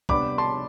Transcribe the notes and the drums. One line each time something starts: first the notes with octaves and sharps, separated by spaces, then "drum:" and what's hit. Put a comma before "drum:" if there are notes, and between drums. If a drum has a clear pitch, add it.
C3 G3 B3 D4 B5 D6, drum: kick
A5 C6